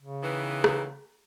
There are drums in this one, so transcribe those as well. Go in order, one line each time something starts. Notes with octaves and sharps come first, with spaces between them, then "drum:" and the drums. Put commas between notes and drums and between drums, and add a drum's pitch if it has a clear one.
C#3
D#3 E3 B3
drum: rim click